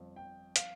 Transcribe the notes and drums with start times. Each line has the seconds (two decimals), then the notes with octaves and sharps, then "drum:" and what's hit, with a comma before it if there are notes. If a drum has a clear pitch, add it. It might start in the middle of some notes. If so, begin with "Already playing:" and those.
Already playing: G1 F2 F3
0.16 G5
0.56 F5, drum: hi-hat